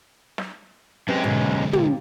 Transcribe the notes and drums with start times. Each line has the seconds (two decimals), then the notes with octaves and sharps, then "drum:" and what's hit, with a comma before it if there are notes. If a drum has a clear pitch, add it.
0.38 drum: snare
1.08 F#2 G#3 B3 C4 G4
1.24 D#2 G#2 B2 D3 F#3
1.73 A#2 A#3 G4, drum: tom